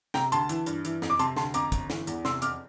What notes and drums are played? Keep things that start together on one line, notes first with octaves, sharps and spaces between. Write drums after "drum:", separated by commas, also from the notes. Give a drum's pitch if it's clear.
C3 G5 A#5, drum: snare
D2 A5 C6, drum: hi-hat
E3, drum: hi-hat
G2, drum: hi-hat
E3, drum: hi-hat
F2, drum: snare
D6
C3 A5 C6, drum: hi-hat
D2 A5 C6, drum: snare
F2 A#5 D6, drum: hi-hat
G1, drum: kick, hi-hat
E3, drum: snare
E2, drum: hi-hat
C3 C6 E6, drum: snare
F2 D6 F6, drum: hi-hat